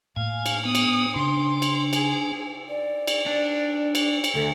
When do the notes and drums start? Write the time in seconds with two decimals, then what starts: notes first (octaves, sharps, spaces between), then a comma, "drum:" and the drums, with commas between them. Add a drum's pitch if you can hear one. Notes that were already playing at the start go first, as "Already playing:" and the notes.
0.16 A2 A#3 F5 G#5
0.46 drum: cymbal
0.65 B3 D#6
0.75 drum: cymbal
1.16 C#3 D4 C6
1.62 drum: cymbal
1.93 G#4, drum: cymbal
2.69 D5
3.07 drum: cymbal
3.26 D4
3.95 drum: cymbal
4.24 drum: cymbal
4.35 D2 A4